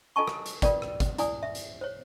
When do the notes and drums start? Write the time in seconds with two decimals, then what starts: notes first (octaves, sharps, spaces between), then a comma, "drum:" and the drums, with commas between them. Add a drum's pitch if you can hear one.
0.16 F4 A4 D#5 G#5 A5 C#6
0.28 drum: rim click
0.46 drum: hi-hat
0.62 F4 A#4 B4 D5 G5, drum: kick, hi-hat
0.82 drum: rim click
1.00 drum: kick, hi-hat
1.18 E4 D5 G#5 D#6, drum: hi-hat
1.43 E5
1.55 drum: hi-hat
1.81 C5 C#5